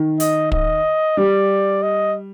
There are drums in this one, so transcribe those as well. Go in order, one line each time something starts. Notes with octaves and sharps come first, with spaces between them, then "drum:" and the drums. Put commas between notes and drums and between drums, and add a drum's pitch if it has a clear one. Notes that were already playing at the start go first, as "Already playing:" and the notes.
Already playing: D#3
D#5, drum: hi-hat
D#5, drum: kick
G3 D5
D#5